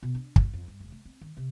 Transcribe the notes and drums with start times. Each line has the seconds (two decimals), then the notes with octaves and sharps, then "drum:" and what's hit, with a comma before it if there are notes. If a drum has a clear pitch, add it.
0.03 B2
0.15 D4
0.36 G1, drum: kick
0.53 F2
0.68 G2
0.80 F1
0.92 A3
1.05 C4
1.21 D#3
1.37 C3